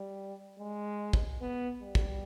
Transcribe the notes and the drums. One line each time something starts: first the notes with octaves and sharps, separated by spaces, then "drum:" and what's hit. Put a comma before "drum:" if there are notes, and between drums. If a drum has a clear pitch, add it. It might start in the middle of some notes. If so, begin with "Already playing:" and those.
Already playing: G3
G#3
drum: kick
B3
G3
drum: kick